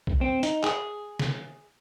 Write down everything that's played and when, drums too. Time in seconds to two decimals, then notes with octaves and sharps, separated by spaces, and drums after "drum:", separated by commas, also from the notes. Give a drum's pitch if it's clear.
0.07 drum: kick B1
0.21 C4
0.43 D#4, drum: hi-hat
0.64 G#4, drum: clap
1.19 drum: snare